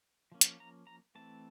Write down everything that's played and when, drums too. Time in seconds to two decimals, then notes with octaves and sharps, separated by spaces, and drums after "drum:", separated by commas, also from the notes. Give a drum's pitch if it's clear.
0.32 F3 A#3 C#4
0.41 drum: hi-hat
0.60 A#5
0.87 A#5
1.15 E3 A3 C4 A5